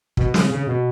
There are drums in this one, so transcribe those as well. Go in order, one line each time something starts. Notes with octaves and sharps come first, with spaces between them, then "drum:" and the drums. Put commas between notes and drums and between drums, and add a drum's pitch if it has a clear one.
B2, drum: kick
C#3, drum: snare
C#3
B2